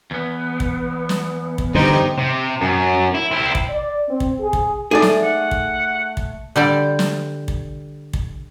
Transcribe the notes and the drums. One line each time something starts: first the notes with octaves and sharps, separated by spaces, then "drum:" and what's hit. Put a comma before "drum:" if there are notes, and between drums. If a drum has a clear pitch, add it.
E2 B3
drum: kick
drum: snare
drum: kick
G2 D3 D#4 G4 C5
C3
F#2
E4
C4 E4
drum: kick
D5
C4
drum: kick
G#4
drum: kick
A3 D#4 G#4 A4 D5
drum: snare
F#5
drum: kick
drum: kick
D3 G3 D5
drum: snare
drum: kick
drum: kick